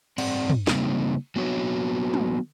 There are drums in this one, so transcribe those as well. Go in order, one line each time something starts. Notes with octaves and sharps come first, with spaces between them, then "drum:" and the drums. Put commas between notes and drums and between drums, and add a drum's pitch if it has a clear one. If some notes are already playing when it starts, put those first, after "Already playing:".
G2 C4 D5 F#5, drum: cymbal
drum: tom
C#3 G3 A#3 C4 D#4, drum: snare
F#3 A#3 B3 D4 F#4 C#5
drum: tom